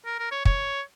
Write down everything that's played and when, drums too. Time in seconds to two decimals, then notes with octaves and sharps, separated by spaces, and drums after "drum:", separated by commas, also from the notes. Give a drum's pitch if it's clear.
0.05 A#4
0.19 A#4
0.31 C#5
0.45 C#5, drum: kick